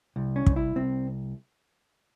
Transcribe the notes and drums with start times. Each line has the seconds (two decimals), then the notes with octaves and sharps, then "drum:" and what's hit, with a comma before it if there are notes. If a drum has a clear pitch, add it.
0.16 C2
0.36 C#4
0.46 C2, drum: kick
0.56 E4
0.76 C2 C4